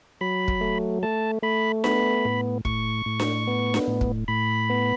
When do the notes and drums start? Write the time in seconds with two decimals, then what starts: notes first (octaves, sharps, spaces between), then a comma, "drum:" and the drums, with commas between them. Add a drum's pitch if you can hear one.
0.21 F#3 B5
0.48 drum: kick
0.61 A3
1.03 A3 A5
1.42 A3 B5
1.84 B3 B5, drum: snare D4
2.25 A2
2.65 A2 C#6, drum: kick
3.06 A2
3.20 drum: snare D4
3.47 B3
3.74 drum: snare D4
3.88 A2
4.01 drum: kick
4.28 A2 B5
4.70 B3